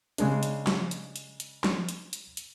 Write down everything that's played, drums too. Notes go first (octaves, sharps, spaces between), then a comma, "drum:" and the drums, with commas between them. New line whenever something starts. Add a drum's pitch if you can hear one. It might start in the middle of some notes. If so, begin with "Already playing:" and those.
C#3 G#3 D4, drum: hi-hat
drum: hi-hat
drum: snare F3
drum: hi-hat
drum: hi-hat
drum: hi-hat
drum: snare F3
drum: hi-hat
drum: hi-hat
drum: hi-hat